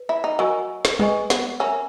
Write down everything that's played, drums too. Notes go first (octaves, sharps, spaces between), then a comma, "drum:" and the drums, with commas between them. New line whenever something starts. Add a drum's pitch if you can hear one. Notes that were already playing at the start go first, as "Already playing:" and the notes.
Already playing: B4
E4
D#4
F#3 A#4 D#5 G#5 C#6 E6
drum: snare
G#3 B4 D#5 G#5 C#6, drum: tom G3
B3, drum: snare
C#4 A#4 E5 A#5 E6